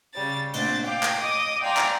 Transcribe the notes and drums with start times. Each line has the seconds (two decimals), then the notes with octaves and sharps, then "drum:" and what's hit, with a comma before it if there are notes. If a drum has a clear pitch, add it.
0.14 C#3 G3 A6
0.54 A#2 A3 C4 D4 A6, drum: cymbal
0.85 F5 G5 D6
1.03 drum: clap
1.19 D#5 D6 D#6
1.62 D5 F5 G5 G#5 A#5 C6
1.77 drum: clap